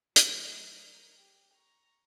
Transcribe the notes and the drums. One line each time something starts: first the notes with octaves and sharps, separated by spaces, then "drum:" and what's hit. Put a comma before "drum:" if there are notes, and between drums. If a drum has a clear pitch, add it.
F#3 A3 C4 D#4 E4 G4, drum: hi-hat
A#4
G4
A#5 C#6